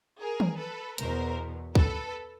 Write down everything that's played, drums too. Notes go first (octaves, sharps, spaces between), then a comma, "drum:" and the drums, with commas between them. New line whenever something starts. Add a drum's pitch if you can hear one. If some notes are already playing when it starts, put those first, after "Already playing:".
G#4 A#4
drum: tom
A4 B4
E2 B2 A#4 C5, drum: hi-hat
A4 B4, drum: kick